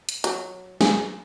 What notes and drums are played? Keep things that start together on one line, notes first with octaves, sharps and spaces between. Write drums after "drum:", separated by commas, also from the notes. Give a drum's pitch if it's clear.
drum: hi-hat
F#3, drum: hi-hat
G#4, drum: snare